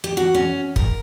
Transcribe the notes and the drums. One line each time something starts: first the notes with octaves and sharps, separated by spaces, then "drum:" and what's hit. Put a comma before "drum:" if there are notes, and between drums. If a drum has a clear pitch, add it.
G4
F#4
C#4
A#4, drum: kick